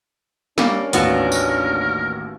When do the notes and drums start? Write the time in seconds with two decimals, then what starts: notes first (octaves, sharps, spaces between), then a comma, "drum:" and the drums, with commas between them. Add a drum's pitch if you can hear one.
0.58 G3 A#3 C#4 D4, drum: snare
0.93 A1 D#2 B3 F4 F#4 A#4 E7, drum: hi-hat
1.32 drum: tambourine